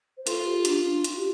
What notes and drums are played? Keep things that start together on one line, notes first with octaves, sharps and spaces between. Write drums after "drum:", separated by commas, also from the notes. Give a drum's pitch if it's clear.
C5
F4 A4, drum: hi-hat
G4
D4, drum: hi-hat
D4
F4, drum: hi-hat
G4